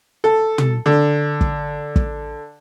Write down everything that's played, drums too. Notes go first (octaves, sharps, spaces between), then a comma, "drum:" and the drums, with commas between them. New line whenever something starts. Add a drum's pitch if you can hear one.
A4
drum: tom
D3
drum: kick
drum: kick